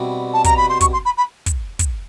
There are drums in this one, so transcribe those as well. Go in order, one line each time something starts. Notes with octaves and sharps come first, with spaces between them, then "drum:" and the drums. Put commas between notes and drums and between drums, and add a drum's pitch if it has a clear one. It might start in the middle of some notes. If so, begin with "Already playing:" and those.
Already playing: B2 G3 C4 E4
A5
A#5, drum: kick, hi-hat
B5
C6
C#6, drum: kick, hi-hat
C6
B5
B5
drum: kick, hi-hat
drum: kick, hi-hat